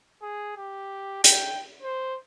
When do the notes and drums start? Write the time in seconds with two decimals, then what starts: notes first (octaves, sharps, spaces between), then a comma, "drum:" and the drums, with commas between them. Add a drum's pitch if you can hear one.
0.22 G#4
0.57 G4
1.24 G5, drum: hi-hat
1.83 C5